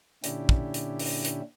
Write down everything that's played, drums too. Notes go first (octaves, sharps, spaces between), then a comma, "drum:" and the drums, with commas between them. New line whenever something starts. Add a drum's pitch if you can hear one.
A#2 D3 C#4 D4 E4 G4, drum: hi-hat
drum: kick
drum: hi-hat
drum: open hi-hat
drum: hi-hat